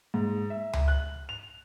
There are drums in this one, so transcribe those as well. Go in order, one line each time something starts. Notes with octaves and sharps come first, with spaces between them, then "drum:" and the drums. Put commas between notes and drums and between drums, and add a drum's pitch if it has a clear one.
G#2
E5
drum: tom C#2
F#6
F7